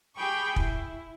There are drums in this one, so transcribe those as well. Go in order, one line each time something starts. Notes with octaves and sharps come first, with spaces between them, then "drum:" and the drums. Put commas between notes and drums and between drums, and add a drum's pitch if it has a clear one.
G4 G#4 G5 B5 C#6
E4, drum: kick